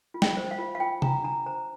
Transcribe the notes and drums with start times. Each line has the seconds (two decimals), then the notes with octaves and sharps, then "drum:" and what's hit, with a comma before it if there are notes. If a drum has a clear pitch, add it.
0.14 F4
0.22 G5, drum: snare
0.37 C5
0.51 F5
0.58 F4
0.75 F5
0.80 F4 G5
1.02 D4 A#5, drum: tom C3
1.24 D4 A#5
1.46 C5 A#5